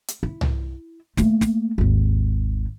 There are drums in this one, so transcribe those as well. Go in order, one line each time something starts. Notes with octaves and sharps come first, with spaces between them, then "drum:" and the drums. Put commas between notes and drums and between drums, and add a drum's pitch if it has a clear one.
drum: hi-hat
E4
drum: tom C2
A3 A#3, drum: snare
drum: snare
G#1 D#2